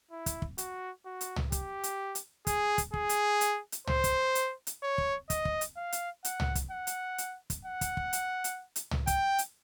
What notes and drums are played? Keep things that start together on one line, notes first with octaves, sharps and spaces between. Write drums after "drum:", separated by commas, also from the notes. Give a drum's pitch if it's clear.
E4
drum: kick, hi-hat
drum: kick
F#4, drum: hi-hat
F#4
drum: hi-hat
drum: tom
G4, drum: kick, hi-hat
drum: hi-hat
drum: hi-hat
G#4, drum: kick, hi-hat
drum: kick, hi-hat
G#4, drum: kick
drum: hi-hat
drum: hi-hat
drum: hi-hat
C5, drum: tom
drum: kick, hi-hat
drum: hi-hat
drum: hi-hat
C#5
drum: kick
D#5, drum: kick, hi-hat
drum: kick
drum: hi-hat
F5
drum: hi-hat
F#5, drum: hi-hat
drum: tom
drum: kick, hi-hat
F#5
drum: hi-hat
drum: hi-hat
drum: kick, hi-hat
F#5
drum: kick, hi-hat
drum: kick
drum: hi-hat
drum: hi-hat
drum: hi-hat
drum: tom
G5, drum: kick, hi-hat
drum: hi-hat